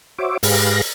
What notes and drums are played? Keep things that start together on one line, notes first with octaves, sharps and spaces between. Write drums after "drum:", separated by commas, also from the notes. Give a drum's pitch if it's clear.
F#4 C5 C#5 E5 D6
G#2 G4 G#4 B4 F5 A#6, drum: open hi-hat